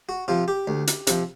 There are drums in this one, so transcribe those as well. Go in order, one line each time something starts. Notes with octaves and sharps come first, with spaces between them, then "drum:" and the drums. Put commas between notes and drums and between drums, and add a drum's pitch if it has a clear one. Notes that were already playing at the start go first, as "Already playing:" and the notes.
F#4
C3 F3 F4
G4
D2
drum: hi-hat
C3 F3, drum: hi-hat